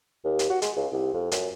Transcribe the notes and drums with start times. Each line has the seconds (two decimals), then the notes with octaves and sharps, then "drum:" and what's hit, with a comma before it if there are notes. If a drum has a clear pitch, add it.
0.25 D#2
0.39 drum: hi-hat
0.50 F#4
0.62 G#3, drum: hi-hat
0.76 C#2
0.92 C2
1.13 F2
1.32 F#2, drum: hi-hat